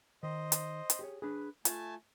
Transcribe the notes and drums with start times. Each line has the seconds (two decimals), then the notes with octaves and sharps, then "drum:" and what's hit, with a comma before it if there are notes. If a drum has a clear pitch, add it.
0.23 D#3 C5 D#5
0.52 drum: hi-hat
0.90 drum: hi-hat
0.99 G4 G#4 C#5
1.22 D4 G#4 B4
1.65 A3 F4 E5 G#5 A5, drum: hi-hat